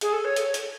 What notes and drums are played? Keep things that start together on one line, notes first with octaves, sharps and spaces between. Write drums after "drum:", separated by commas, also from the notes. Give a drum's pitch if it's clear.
G#4, drum: hi-hat
A4
C#5
drum: hi-hat
drum: hi-hat